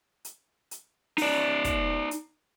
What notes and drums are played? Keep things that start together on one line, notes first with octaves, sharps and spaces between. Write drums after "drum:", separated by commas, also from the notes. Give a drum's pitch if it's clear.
drum: hi-hat
drum: hi-hat
D#4 D5, drum: open hi-hat
drum: kick, hi-hat
drum: hi-hat